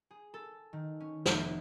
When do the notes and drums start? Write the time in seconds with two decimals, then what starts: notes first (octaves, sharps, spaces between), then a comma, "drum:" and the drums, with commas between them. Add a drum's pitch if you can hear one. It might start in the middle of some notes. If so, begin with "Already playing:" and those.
0.11 G#4
0.34 A4
0.73 D#3
1.00 C#4
1.26 F1, drum: snare